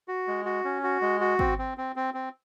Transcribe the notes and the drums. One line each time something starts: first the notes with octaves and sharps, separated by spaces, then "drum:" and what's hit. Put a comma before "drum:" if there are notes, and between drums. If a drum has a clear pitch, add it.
F#4
G#3
F#4
C#4
F#4
G#3
F#4
C4, drum: kick
C4
C4
C4
C4